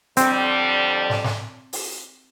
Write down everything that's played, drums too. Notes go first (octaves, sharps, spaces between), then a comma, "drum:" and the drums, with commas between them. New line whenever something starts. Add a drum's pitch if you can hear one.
F2 D3 G3 C4, drum: hi-hat
drum: snare
drum: snare
drum: open hi-hat